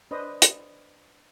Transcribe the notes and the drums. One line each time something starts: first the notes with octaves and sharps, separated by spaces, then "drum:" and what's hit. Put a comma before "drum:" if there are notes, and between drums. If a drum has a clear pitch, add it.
D4 B4 C5 D#5
drum: hi-hat